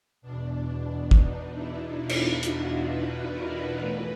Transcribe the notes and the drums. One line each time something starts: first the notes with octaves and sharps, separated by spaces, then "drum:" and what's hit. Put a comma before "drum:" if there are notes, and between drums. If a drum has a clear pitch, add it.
E2 B2 D4
D#4, drum: kick
E4
F4
drum: cymbal
F#4, drum: hi-hat
B4
A#4
A2 E3 B4